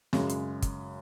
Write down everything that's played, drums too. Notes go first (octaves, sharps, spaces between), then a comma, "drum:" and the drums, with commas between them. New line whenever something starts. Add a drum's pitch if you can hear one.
F#2 C#3 G#3, drum: snare
drum: hi-hat
drum: kick, hi-hat